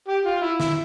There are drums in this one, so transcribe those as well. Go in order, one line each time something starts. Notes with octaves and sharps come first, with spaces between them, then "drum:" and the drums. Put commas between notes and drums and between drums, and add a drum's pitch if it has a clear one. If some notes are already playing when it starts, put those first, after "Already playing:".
G4
F4
E4
E4, drum: snare